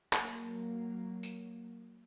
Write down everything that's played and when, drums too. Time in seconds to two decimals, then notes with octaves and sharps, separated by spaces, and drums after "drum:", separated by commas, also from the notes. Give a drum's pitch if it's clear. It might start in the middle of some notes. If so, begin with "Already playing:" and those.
0.13 F#3 A#3, drum: clap
1.23 drum: tambourine